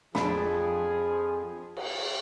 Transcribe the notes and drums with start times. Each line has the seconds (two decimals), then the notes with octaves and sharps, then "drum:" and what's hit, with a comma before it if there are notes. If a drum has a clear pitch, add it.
0.15 F2 F3 D4 G#4 B5, drum: snare
1.77 drum: cymbal